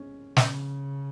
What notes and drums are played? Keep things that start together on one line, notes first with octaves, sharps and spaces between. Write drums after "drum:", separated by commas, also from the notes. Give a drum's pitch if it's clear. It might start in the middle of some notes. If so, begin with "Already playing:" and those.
Already playing: C#4
C#3 C#4, drum: snare